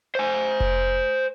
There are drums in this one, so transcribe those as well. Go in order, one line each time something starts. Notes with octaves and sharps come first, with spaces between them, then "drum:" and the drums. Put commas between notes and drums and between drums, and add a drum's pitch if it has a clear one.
C5 G#5
drum: kick F1